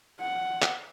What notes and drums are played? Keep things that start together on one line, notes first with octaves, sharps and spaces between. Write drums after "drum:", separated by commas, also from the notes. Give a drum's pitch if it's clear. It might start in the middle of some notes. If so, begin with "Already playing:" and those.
F#5
drum: clap